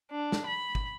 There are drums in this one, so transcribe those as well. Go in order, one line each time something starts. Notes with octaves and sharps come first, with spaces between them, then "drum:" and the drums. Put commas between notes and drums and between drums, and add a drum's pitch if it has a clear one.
D4
drum: snare
B5
drum: kick